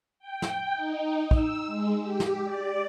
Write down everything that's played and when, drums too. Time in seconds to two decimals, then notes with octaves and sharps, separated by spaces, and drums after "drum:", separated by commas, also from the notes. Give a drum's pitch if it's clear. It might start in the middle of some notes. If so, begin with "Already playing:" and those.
0.19 G5
0.42 drum: snare
0.73 D#4
1.31 E6, drum: kick
1.66 G#3
2.01 G4
2.20 drum: snare
2.44 D5